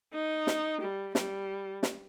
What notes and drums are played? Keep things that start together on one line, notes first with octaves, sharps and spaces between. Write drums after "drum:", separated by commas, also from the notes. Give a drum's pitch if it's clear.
D#4
drum: snare
G3
G3, drum: snare
drum: snare